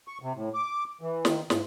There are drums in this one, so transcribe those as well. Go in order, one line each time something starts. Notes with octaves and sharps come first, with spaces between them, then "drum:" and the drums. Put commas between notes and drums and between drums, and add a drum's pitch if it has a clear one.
C#6
C3
A2
D6
E3
D#3, drum: snare
G#2, drum: snare